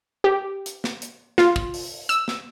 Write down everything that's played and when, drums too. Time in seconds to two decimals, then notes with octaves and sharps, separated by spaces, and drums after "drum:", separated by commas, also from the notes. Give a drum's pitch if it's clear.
0.24 G4
0.66 drum: hi-hat
0.84 drum: snare
1.02 drum: hi-hat
1.38 F4, drum: snare
1.56 drum: kick
1.74 drum: open hi-hat
2.09 E6, drum: hi-hat
2.28 drum: snare